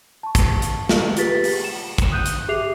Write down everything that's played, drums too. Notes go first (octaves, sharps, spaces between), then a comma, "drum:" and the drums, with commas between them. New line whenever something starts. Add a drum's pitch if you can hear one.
A5 C#6
drum: kick, hi-hat
drum: hi-hat
drum: snare
F4 G4 G#4 B4 A6 B6, drum: hi-hat
drum: open hi-hat
E7
drum: kick, hi-hat
D#6 F#6 G6 D#7
drum: hi-hat
G4 G#4 E5 D6 C7 F7